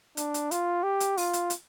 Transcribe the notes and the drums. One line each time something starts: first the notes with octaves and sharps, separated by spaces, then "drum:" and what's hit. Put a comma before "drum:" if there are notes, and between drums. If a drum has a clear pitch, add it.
D4, drum: hi-hat
drum: hi-hat
F4, drum: hi-hat
G4
drum: hi-hat
F4, drum: open hi-hat
drum: hi-hat
drum: hi-hat